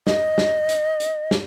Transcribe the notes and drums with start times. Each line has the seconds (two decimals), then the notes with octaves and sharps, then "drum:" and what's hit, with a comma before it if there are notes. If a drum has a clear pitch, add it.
0.07 D#5, drum: snare
0.38 drum: snare
0.69 drum: hi-hat
1.00 drum: hi-hat
1.31 drum: snare